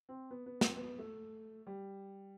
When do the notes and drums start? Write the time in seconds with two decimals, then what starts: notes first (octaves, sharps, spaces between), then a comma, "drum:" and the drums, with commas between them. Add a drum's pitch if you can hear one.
0.09 C4
0.31 B3
0.46 B3
0.61 C4, drum: snare
0.77 B3
0.99 A3
1.67 G3